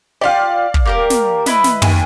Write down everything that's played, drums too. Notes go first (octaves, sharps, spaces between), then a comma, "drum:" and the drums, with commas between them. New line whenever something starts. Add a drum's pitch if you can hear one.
F4 G4 D5 F5
drum: kick
A#3 G4 A#4
drum: snare
E4 B4 D#5, drum: snare
drum: snare
D#2 G#5, drum: tom